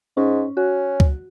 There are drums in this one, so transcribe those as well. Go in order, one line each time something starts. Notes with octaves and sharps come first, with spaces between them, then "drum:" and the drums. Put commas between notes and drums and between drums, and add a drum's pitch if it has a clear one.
G#2 C#4
C#4 F#4
drum: kick C#2